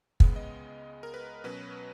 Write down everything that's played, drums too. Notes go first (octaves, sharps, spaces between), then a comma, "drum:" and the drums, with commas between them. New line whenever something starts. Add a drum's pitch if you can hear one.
C#2 C#3 G#3 B3, drum: kick
D#5
A#4
B4
B2 F#3 C#4 B4